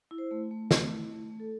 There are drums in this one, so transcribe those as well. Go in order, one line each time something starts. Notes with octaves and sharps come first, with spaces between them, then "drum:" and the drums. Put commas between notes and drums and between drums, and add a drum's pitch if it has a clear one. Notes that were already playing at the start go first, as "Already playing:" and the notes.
E4
C5
A3
A3
A3, drum: snare
E4
A3
A3
A4